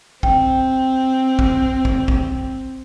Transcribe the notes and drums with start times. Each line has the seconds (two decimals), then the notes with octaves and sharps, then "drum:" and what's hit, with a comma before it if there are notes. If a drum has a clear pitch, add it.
0.23 C4 G5, drum: kick
1.39 drum: kick
1.85 drum: kick
2.08 drum: kick